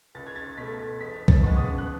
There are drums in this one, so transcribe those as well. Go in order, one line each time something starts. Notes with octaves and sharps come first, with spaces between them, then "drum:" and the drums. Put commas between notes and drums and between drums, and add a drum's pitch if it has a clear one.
C#2 A6
G#6
A6
B2 A3 B6
A6
E1 B6
A6, drum: kick
D#2 C#3 G#3 B3
D#6
F#6